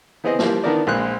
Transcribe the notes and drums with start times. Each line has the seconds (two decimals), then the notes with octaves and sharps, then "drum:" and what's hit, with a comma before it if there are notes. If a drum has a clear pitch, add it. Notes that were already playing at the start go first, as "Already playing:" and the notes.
0.24 E3 B3 C4 G#4 D#5
0.39 E3 F3 G3 A#3, drum: snare
0.64 D#3 E3 B3 D4 A#4 D5
0.87 A#1 G#3 C4 F#6